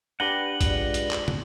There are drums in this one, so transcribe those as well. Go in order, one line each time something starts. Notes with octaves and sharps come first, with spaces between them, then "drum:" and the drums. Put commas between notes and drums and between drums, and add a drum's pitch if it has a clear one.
D4 G4 B4 F#5 A#6 F#7 G7
G#3 F4 D5, drum: kick, hi-hat
drum: hi-hat
drum: clap
drum: tom